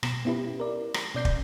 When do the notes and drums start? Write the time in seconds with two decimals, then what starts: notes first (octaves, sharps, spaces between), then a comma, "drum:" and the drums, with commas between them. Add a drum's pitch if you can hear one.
0.03 B2 E7, drum: rim click
0.25 B3 C#4 E4 G4 B4
0.60 A#4 D5
0.94 drum: rim click
1.15 B2 C#4 D5 G6 C7
1.25 drum: kick